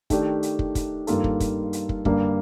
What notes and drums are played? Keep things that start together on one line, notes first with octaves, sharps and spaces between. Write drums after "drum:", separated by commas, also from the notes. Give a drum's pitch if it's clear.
D#3 A3 D4 G4, drum: kick, hi-hat
drum: hi-hat
drum: kick
drum: kick, hi-hat
G2 D#3 A#3 F4 A4, drum: hi-hat
drum: kick
drum: kick, hi-hat
drum: hi-hat
drum: kick
G2 D3 G3 A#3, drum: kick